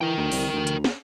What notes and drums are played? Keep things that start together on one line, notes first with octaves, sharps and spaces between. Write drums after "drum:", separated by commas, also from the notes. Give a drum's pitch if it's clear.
E3 A#4 G5
D2
C2, drum: open hi-hat
D2
drum: hi-hat
drum: snare